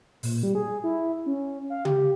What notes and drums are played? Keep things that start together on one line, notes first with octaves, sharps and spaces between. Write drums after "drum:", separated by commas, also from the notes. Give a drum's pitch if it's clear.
A#2, drum: open hi-hat
G3
G#4
E4
C#4
F5
G4, drum: tom C#3